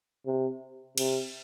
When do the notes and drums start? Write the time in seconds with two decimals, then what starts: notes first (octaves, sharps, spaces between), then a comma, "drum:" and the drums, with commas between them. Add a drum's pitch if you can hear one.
0.26 C3
0.98 C3, drum: cymbal